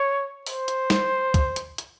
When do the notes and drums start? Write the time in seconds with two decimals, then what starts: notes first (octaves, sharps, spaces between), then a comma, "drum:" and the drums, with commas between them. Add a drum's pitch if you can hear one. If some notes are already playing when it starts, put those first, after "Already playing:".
Already playing: C#5
0.47 C5, drum: open hi-hat
0.68 drum: hi-hat
0.90 drum: snare
1.34 drum: kick, hi-hat
1.56 drum: hi-hat
1.78 drum: hi-hat